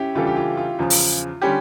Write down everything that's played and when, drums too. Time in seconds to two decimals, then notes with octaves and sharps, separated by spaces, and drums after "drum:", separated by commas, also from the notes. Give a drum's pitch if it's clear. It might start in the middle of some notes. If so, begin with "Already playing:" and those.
Already playing: C#4 E4 G4
0.15 C#3 E3 G3 D4 F4 A4
0.27 G4
0.36 F4
0.57 F4
0.79 E2 C#3 F3 F4
0.90 drum: open hi-hat
1.42 D3 G3 C#4 G4